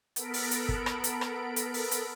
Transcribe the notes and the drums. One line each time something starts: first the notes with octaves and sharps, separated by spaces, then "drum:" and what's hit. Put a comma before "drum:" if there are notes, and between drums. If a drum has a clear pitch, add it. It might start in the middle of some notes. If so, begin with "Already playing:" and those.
B3 A4 A#4 B5 D7, drum: hi-hat
drum: open hi-hat
drum: hi-hat
drum: kick
drum: rim click
drum: hi-hat
drum: rim click
drum: hi-hat
drum: open hi-hat
drum: hi-hat